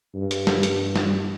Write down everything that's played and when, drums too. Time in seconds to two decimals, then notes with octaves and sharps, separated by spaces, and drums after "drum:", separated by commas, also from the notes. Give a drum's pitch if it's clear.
0.15 G2
0.31 drum: hi-hat
0.47 drum: snare
0.63 drum: hi-hat
0.96 drum: snare